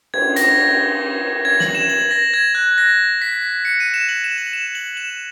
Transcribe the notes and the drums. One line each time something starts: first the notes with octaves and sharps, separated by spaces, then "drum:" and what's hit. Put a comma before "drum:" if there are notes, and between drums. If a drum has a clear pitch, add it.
G#6, drum: cymbal
A#6, drum: hi-hat
G#6
F#7, drum: snare
E7
F#7
A#6
G#6
F#6
A#6
B6
C#7
D#7
E7
F#7
E7
F#7
E7
F#7
E7